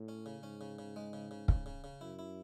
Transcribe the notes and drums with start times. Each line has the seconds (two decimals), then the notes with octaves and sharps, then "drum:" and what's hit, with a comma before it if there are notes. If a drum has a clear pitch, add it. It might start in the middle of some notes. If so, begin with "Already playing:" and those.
Already playing: A2
0.08 C#4
0.26 C#3
0.43 G#2 C#4
0.61 C#3
0.79 C#3
0.96 G#3
1.13 C#3
1.31 C#3
1.48 C#3, drum: kick
1.66 C#3
1.84 C#3
2.01 F#2 E4
2.19 E4